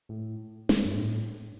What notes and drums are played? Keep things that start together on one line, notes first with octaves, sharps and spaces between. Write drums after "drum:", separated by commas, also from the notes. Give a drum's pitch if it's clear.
A2
drum: snare
G2
A2